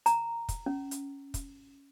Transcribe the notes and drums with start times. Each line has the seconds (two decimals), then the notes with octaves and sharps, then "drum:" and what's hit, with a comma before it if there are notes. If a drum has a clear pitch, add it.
0.06 A#5, drum: hi-hat
0.49 drum: kick, hi-hat
0.66 C#4
0.91 drum: hi-hat
1.34 drum: kick, hi-hat